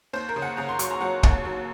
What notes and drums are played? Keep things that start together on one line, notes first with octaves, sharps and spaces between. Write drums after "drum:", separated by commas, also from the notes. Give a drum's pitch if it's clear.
D#2 C5
A#4
C#3
F#5
C#3 A#5
C6
F#3 C#6, drum: hi-hat
A#5
F#3 F#5
D#2, drum: kick
F#3